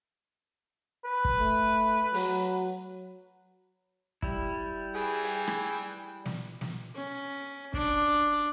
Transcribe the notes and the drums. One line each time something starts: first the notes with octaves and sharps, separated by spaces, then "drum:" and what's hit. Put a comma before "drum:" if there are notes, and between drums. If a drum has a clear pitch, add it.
B4
drum: kick
A3
F#3, drum: open hi-hat
G3 E4, drum: kick
E3 G#4 B4 G5
drum: open hi-hat
drum: rim click
drum: snare
drum: snare
C#4
D4, drum: kick